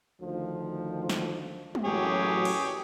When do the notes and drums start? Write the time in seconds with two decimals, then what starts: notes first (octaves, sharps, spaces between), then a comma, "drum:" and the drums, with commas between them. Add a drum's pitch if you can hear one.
0.21 D2 D#3 F3
1.09 drum: snare
1.75 drum: tom G3
1.85 A1 F#2 F#3 G4 G#4 C#5
2.45 drum: cymbal